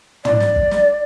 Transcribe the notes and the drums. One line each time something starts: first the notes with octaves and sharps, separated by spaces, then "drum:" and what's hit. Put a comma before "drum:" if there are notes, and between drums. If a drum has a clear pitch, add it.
D5, drum: tom
drum: snare
drum: kick
drum: snare